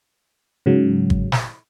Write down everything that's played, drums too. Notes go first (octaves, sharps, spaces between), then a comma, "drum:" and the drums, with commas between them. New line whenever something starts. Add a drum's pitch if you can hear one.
G#2 C#3 F#3
drum: kick G1
drum: snare